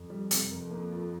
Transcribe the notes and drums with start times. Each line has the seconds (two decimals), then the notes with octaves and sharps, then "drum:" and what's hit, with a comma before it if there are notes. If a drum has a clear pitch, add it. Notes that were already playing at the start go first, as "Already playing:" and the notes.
Already playing: F2
0.10 G3
0.31 C3, drum: hi-hat
0.51 F2 A#4
0.71 A#3
0.91 F4